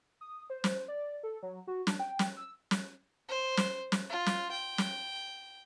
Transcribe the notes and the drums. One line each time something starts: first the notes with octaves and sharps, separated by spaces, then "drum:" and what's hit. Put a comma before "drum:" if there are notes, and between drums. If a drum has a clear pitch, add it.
D#6
C5
drum: snare
D5
A4
F#3
F#4
D4, drum: snare
G5
drum: snare
E6
drum: snare
C5
drum: snare
drum: snare
F4
drum: snare
G5
drum: snare